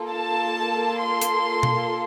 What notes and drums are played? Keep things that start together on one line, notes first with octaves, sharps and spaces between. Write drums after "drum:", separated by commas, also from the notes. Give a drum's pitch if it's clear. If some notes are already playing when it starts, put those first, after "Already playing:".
Already playing: A#3 F4 A4
A5
C6
drum: hi-hat
drum: tom B2